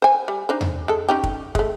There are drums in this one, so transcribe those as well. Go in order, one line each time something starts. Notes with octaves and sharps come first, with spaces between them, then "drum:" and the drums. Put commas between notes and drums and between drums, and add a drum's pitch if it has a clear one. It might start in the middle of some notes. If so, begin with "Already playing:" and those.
C5 G#5
G3
D4 D#4 C5
drum: tom E2
G#3 A4
C#4 D#4 G4
drum: kick
G#3 A3, drum: kick